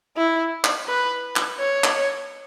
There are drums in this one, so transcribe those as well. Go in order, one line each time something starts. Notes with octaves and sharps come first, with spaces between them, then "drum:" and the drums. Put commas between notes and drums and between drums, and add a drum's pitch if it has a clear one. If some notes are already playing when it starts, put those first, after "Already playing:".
E4
drum: clap
B4
drum: clap
C#5
drum: clap